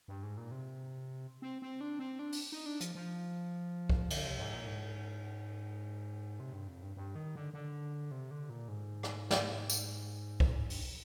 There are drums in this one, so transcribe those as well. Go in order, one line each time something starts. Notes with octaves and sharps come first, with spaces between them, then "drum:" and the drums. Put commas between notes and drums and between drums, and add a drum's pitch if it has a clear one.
G2
G#2
A#2
C3
C4
C4
D4
C4
D4
drum: open hi-hat
D#4
D4
F3, drum: hi-hat
F3
drum: kick C2
D3, drum: cymbal
C3
G#2
A#2
G#2
C3
G2
F2
G2
G2
D#3
D3
D3
C3
D3
A#2
G#2
drum: rim click
drum: snare
drum: tambourine
A#2, drum: kick C2
G#2
G2, drum: open hi-hat